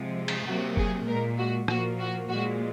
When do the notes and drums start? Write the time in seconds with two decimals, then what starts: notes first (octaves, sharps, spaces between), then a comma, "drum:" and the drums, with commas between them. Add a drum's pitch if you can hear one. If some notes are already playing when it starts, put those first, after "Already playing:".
Already playing: C3 F3 G#3
0.28 drum: cymbal
0.46 C3 F#3 A#3 F#4
0.77 G#4, drum: kick F#1
1.07 A#2 G#3 A#4
1.38 F#4
1.68 A#2 F3 A#3 F#4, drum: rim click
2.00 F#4
2.30 A#2 F3 G#3 F#4